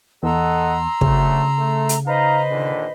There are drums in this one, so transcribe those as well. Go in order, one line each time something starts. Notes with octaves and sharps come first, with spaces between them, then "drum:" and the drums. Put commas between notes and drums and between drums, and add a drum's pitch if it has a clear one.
E2 A4 D#5 F#5 A#5 C6 E6
D2 C#3 F#3 A3, drum: kick
A3
drum: hi-hat
D#4 B4 C5 D#5 F5 A#5
A#2 D3 D#3